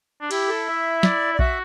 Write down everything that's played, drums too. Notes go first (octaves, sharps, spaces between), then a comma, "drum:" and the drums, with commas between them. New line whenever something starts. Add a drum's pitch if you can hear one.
D4
E4 G4, drum: cymbal
A4
E5
D5, drum: snare
D5
F#4 E5, drum: kick A#1